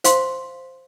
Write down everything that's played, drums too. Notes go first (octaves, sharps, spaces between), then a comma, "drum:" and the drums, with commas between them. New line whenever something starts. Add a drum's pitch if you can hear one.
C5 F5 C6, drum: hi-hat